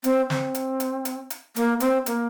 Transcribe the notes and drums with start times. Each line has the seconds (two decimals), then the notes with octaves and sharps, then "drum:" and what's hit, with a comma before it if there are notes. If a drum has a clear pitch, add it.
0.04 C4, drum: hi-hat
0.30 C4, drum: snare
0.55 drum: hi-hat
0.80 drum: hi-hat
1.05 drum: hi-hat
1.30 drum: hi-hat
1.56 A#3, drum: hi-hat
1.80 C4, drum: hi-hat
2.06 A#3, drum: hi-hat